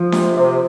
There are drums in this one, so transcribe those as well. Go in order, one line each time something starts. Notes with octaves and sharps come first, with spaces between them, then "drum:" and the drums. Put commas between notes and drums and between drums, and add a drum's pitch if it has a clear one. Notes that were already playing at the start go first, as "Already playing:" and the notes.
Already playing: F3
C3, drum: snare D4
C3